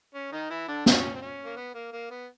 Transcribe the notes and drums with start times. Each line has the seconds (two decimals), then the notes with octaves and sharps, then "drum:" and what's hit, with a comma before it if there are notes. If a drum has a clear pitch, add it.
0.15 C#4
0.32 D#3 D#4
0.50 E3 E4
0.68 D3 D4
0.86 C#4, drum: snare
1.15 C4
1.22 C#4
1.45 A#3
1.56 B3
1.74 A#3
1.93 A#3
2.11 B3